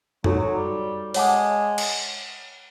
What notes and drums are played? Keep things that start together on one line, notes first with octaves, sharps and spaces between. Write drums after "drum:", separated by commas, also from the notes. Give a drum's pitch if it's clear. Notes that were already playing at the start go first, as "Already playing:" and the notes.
F#3 D#4 F#4 A4 C#5, drum: tom F2
F#3
G3
G#3 C#5 F#5 A5 D6, drum: open hi-hat
drum: cymbal